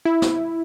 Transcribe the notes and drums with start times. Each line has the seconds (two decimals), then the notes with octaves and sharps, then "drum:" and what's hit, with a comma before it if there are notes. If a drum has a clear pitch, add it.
0.05 E4
0.22 drum: snare